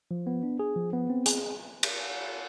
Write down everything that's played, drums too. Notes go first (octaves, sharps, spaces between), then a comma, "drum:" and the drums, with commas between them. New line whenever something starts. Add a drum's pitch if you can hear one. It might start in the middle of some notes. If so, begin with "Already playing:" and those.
F3
B3
D4
G#4
F3
B3
C4
G#4, drum: hi-hat
drum: cymbal